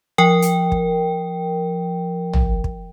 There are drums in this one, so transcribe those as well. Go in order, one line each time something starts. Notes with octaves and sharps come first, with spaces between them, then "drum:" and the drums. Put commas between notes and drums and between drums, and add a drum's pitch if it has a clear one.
F3 A#4 G5
drum: hi-hat
drum: kick
drum: tom A1
drum: kick